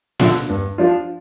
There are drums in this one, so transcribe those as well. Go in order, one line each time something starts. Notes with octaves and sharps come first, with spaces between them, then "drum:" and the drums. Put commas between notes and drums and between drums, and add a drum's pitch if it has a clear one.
D3 F3, drum: snare
G2
F3 D4 F4